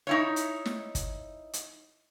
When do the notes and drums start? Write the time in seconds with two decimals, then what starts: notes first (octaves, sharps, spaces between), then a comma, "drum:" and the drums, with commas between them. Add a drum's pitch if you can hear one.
0.07 D#4 E4 C#5
0.36 drum: hi-hat
0.66 drum: snare
0.95 drum: kick, hi-hat
1.53 drum: hi-hat